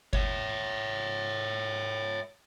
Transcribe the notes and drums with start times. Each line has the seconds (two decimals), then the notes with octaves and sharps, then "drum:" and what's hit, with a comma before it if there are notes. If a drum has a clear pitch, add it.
0.13 C#5 E5, drum: kick G1